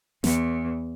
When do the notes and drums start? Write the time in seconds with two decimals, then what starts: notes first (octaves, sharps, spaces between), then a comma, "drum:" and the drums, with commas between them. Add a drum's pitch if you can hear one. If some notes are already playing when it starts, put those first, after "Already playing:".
0.24 E2, drum: snare